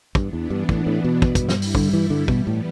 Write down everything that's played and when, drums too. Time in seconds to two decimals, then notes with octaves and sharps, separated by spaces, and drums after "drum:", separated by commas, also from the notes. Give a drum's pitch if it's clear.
0.15 G2 E3 B3 D4, drum: kick
0.33 E2
0.50 G2
0.69 A2, drum: kick
0.86 A2
1.04 B2
1.22 G2 G3 E4, drum: kick
1.35 drum: kick, hi-hat
1.49 drum: snare
1.62 drum: open hi-hat
1.75 D3, drum: kick
1.93 E3
2.10 D3
2.28 B2 E3 G3 B3, drum: kick
2.47 A2